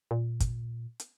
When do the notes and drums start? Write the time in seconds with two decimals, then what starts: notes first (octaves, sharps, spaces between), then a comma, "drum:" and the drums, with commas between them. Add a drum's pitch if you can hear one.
0.11 A#2
0.40 drum: kick, hi-hat
1.00 drum: hi-hat